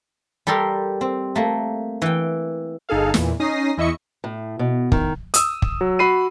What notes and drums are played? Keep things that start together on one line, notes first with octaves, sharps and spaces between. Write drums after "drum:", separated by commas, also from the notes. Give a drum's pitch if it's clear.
G3 G4 A4 A#4 C6
C4
A3 A#3
E3 G5
G1 D#4 G#4 A4 F5
E2 A#2 E3, drum: snare
C#4 D#4 D#6 A#6 C7
E2 E4 D#5 E5 C#6 C#7
A2
B2
D#3, drum: kick
D#6 E6, drum: hi-hat
drum: kick
F#3
F#4 B5 C7 D#7